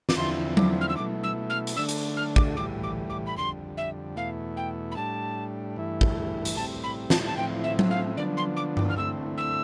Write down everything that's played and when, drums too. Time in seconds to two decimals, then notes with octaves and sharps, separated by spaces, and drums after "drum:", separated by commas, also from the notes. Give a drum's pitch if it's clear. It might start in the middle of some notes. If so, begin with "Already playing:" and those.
0.09 D6, drum: snare
0.17 E2 D3 F3 C4 E4 C6
0.57 D6, drum: tom F#3
0.81 F6
0.89 E6
0.96 B2 A3 E4 D6
1.23 E6
1.50 F6
1.67 drum: hi-hat
1.76 D3 A3 D4 E6
1.89 drum: hi-hat
2.17 F6
2.36 D6, drum: kick
2.57 A2 E3 G3 D6
2.83 D6
3.09 D6
3.26 B5
3.36 F2 D3 G3 C6
3.77 E5
4.16 E2 B2 A3 E4 F5
4.57 G5
4.91 B5
4.96 A2 G3 D4 A5
5.76 G2 E3 A3 E4
6.01 drum: kick
6.45 drum: hi-hat
6.56 A2 G3 C4 E4 A5
6.83 B5
7.10 A5, drum: snare
7.26 A5
7.36 A2 F3 C4 E4 G5
7.64 E5
7.79 drum: tom F#3
7.91 F5
8.17 D3 F3 B3 D4 D5
8.37 C6
8.57 D6
8.77 D6, drum: tom G2
8.89 F6
8.97 D3 A3 C4 E4 E6
9.37 E6